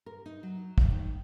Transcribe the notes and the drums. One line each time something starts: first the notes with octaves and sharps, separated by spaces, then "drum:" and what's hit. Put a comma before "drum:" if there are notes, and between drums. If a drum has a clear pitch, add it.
A#4
D#4
F#3
drum: kick
D#3